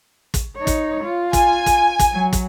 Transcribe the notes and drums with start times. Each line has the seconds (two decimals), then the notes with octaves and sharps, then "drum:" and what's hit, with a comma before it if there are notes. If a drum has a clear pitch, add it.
0.34 drum: kick, hi-hat
0.56 D#4 C#5
0.67 drum: kick, hi-hat
1.04 F4
1.33 G#5, drum: kick, hi-hat
1.66 drum: kick, hi-hat
1.99 drum: kick, hi-hat
2.13 F#3
2.33 drum: kick, hi-hat